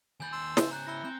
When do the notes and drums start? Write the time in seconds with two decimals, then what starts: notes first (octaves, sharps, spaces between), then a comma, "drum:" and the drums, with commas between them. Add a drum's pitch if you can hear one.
0.20 D#2 G#5 B5 G6 A6
0.32 C6 E6
0.57 C#3 C5, drum: snare
0.71 A#5 F#6 G6
0.87 E4 A#6 C#7 G7
1.05 C4 G6